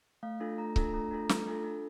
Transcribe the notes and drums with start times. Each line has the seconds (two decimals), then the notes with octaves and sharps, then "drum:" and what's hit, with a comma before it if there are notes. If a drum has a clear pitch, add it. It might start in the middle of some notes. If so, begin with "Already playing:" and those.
0.23 A3 F5
0.40 D4 F4 A4
0.58 A3 A#5
0.76 D4 F4 A4, drum: kick C#1
0.94 A3 A#5
1.11 D4 F4 A4
1.29 A3, drum: snare
1.47 D4 F4 A4
1.64 D4